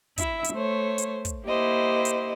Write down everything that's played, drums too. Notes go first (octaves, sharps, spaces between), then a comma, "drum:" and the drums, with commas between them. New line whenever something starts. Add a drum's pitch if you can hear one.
E4 E5, drum: kick, hi-hat
drum: hi-hat
A3 C5 C#5
drum: hi-hat
drum: kick, hi-hat
A#3 E4 G4 C5 D#5
drum: hi-hat